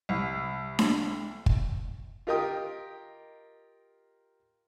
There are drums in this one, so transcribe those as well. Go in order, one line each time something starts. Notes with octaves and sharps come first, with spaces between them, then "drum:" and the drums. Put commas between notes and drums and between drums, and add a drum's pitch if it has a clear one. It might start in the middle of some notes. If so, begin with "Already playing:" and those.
C2
drum: snare D4
drum: kick
F4 G4 A#4 D#5 G5 D#6